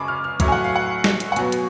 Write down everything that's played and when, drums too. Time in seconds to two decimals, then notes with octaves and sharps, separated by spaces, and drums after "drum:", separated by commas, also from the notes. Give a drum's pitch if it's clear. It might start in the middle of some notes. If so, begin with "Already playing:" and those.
Already playing: F#2 C#3 G#3 G#5 A5 B5 C#6 D6
0.08 F6
0.24 F6
0.40 A2 F#3 A3 F6, drum: kick C2, hi-hat
0.48 G#5
0.52 F#5
0.64 F5
0.76 F#5
1.04 drum: snare
1.20 drum: hi-hat
1.32 F#5
1.36 B2 F#3 B3 G#5, drum: hi-hat
1.52 drum: hi-hat